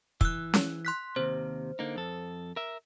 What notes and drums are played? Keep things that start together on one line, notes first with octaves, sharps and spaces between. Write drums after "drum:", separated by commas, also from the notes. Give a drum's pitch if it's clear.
E3 E6 F#6, drum: kick
drum: snare C#4
C6 F#6 B6
D#2 C3 C5
D3 A#3 D#4
F2 A4
A#4 E5